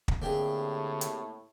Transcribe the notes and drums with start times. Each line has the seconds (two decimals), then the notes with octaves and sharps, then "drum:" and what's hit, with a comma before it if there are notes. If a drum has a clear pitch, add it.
0.08 drum: kick
0.22 A2 D3 A#3 C4 D4 G4 G#4
1.01 drum: hi-hat